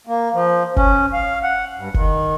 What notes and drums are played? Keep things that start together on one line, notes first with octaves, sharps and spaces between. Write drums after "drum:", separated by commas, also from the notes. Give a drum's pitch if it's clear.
A#3
F3
C#4, drum: kick
F5
F#5
G2
D#3, drum: kick